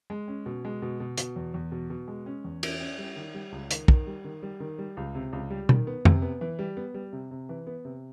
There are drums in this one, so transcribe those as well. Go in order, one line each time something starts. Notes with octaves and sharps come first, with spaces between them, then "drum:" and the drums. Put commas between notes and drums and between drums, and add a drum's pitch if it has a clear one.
G#3
C#4
B2
G#3
B2
B2
B2, drum: hi-hat
E2
E2
B2
B2
G#3
C#4
E2
C#4, drum: cymbal
C#4
G3
D#3
G3
C#2
D#3, drum: hi-hat
D#3, drum: kick
G3
D#3
G3
D#3
G3
C#2
C3
C#2
G3
D#3, drum: tom B2
B3
C3, drum: tom
B3
E3
G3
B3
G3
C3
C3
E3
B3
C3